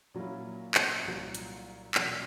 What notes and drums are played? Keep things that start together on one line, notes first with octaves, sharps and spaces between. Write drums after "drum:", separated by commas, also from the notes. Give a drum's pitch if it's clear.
A#2 F#3 A#3 C#4 E4
drum: clap
C2 A#2 F#3
drum: hi-hat
E2 B2 F#3 A#3 D4, drum: clap